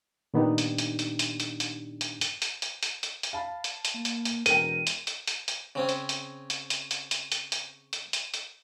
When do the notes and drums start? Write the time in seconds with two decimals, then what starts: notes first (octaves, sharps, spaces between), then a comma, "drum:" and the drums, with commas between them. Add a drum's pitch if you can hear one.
0.34 A#2 D#3 B3 D4 D#4 G4
0.58 drum: hi-hat
0.78 drum: hi-hat
0.99 drum: hi-hat
1.19 drum: hi-hat
1.40 drum: hi-hat
1.60 drum: hi-hat
2.01 drum: hi-hat
2.21 drum: hi-hat
2.42 drum: hi-hat
2.62 drum: hi-hat
2.83 drum: hi-hat
3.03 drum: hi-hat
3.23 drum: hi-hat
3.33 F5 A5 B5
3.64 drum: hi-hat
3.85 drum: hi-hat
3.94 A#3
4.05 drum: hi-hat
4.25 drum: hi-hat
4.46 E1 A#4 G5 D#7, drum: hi-hat
4.87 drum: hi-hat
5.07 drum: hi-hat
5.27 drum: hi-hat
5.48 drum: hi-hat
5.75 C#3 C4 C#4
5.89 drum: hi-hat
6.09 drum: hi-hat
6.50 drum: hi-hat
6.70 drum: hi-hat
6.91 drum: hi-hat
7.11 drum: hi-hat
7.32 drum: hi-hat
7.52 drum: hi-hat
7.93 drum: hi-hat
8.13 drum: hi-hat
8.34 drum: hi-hat